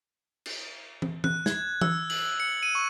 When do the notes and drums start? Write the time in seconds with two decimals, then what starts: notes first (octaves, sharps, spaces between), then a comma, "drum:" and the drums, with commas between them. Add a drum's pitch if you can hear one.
0.46 drum: cymbal
1.02 drum: tom
1.24 F#6, drum: tom
1.46 G#6, drum: snare
1.81 E6, drum: tom E3
2.10 F#7, drum: cymbal
2.40 C#7
2.63 D#7
2.75 C#6